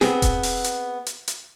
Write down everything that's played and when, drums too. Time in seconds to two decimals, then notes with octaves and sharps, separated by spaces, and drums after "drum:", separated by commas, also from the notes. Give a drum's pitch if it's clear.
0.01 B3 C4 G#4, drum: snare
0.22 drum: kick E1, hi-hat
0.43 drum: open hi-hat
0.64 drum: hi-hat
1.06 drum: hi-hat
1.28 drum: hi-hat